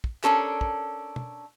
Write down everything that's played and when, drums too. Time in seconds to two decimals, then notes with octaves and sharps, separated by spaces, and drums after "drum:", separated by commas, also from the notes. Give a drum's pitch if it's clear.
0.04 drum: kick
0.24 C#4 D4 A4 A#4, drum: clap
0.61 drum: kick
1.16 drum: tom